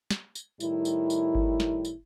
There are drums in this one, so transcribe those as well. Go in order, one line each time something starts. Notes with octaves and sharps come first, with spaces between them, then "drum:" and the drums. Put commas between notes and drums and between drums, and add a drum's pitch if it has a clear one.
drum: snare
drum: tambourine
A2 D#3 G3 E4, drum: tambourine
drum: tambourine
drum: tambourine
drum: kick G1
drum: snare
drum: tambourine